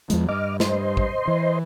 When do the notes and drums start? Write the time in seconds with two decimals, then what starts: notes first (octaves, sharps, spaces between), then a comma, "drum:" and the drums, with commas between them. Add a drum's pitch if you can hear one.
0.10 E2 F3 G#3, drum: hi-hat
0.29 G2 D#5 D6 F6
0.60 C5 D#5 C6, drum: snare
0.97 drum: kick
1.27 E3